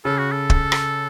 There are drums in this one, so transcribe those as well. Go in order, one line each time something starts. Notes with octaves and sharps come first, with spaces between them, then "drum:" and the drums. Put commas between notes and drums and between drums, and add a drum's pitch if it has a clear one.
C#3 A4
F#4
A4
drum: kick
drum: rim click